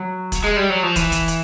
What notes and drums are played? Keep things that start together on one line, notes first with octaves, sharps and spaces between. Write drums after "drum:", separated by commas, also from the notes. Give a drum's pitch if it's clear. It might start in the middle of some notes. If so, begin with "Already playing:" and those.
Already playing: F#3
drum: kick, hi-hat
G#3
G3
F#3
F3
E3, drum: kick, hi-hat
drum: kick, hi-hat
drum: hi-hat